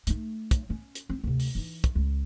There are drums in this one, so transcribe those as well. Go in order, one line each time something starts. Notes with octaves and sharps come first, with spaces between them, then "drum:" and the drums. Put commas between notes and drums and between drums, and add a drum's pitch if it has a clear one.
A3 D#4, drum: hi-hat
drum: kick, hi-hat
B3 C#4
drum: hi-hat
C4
D2 C3
drum: open hi-hat
E3 D#4
drum: kick, hi-hat
C#2